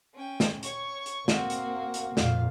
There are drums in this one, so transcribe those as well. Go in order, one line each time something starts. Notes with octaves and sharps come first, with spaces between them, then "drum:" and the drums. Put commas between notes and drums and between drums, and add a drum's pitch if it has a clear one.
C#4 G5
drum: snare
C#5 C#6, drum: hi-hat
drum: hi-hat
A#3 C4 F#4, drum: snare
drum: hi-hat
drum: hi-hat
F2 A#2 F5, drum: snare